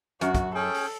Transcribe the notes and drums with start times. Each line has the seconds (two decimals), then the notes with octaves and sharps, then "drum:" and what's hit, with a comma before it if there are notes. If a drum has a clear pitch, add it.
0.21 F#2 F#4, drum: hi-hat
0.35 drum: kick, hi-hat
0.55 C#4 G#4 A4 G5
0.74 drum: open hi-hat